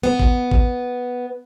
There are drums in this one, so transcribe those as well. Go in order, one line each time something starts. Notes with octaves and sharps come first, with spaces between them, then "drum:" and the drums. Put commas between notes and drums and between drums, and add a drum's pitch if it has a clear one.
B3
drum: kick
drum: kick